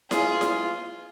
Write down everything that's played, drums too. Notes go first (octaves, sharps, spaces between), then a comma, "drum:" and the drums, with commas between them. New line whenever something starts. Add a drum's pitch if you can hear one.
F4 G#4, drum: snare E4
drum: snare E4